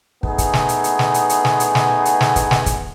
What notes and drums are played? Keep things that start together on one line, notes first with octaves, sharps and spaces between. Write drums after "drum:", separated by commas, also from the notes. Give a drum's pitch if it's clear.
A3 B3 D#4 G#4, drum: kick
drum: kick, hi-hat
drum: snare
drum: hi-hat
drum: hi-hat
drum: snare
drum: hi-hat
drum: hi-hat
drum: snare
drum: hi-hat
drum: snare
drum: hi-hat
drum: snare
drum: kick, hi-hat
drum: snare
drum: kick, hi-hat